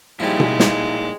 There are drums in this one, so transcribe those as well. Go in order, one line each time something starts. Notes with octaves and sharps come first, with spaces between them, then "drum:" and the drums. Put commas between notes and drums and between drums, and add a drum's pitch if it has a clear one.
A#2 F3 G3 G#3 D#4 E4
drum: tom B2
drum: snare